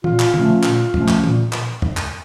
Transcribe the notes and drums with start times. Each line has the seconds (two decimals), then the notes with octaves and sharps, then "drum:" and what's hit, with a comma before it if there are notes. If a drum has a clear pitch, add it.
0.04 A#2 F4, drum: tom
0.20 drum: clap
0.34 F3 A3 C#4, drum: tom
0.63 A#2, drum: clap
0.94 F3 A3 C#4, drum: tom
1.08 drum: clap
1.24 A#2, drum: tom
1.53 drum: clap
1.82 drum: tom
1.97 drum: clap